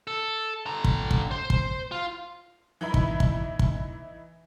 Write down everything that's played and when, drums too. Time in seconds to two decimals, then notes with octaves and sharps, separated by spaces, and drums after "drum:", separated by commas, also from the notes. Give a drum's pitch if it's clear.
0.07 A4
0.66 D3 A#5
0.84 drum: kick
1.11 drum: kick
1.31 C5
1.50 drum: kick
1.91 F4
2.81 E3 D#4 E4 B5
2.94 drum: kick
3.20 drum: kick
3.59 drum: kick